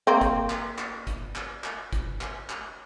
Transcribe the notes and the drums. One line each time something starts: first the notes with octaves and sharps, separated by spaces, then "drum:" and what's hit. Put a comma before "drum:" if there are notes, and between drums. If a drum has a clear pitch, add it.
A#3 C4
drum: kick, hi-hat
drum: clap
drum: clap
drum: kick, hi-hat
drum: clap
drum: clap
drum: kick, hi-hat
drum: clap
drum: clap